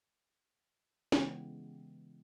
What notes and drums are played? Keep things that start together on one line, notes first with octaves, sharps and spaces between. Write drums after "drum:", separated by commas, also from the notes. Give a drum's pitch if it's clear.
C#3 E3 G#3 B3 G4, drum: snare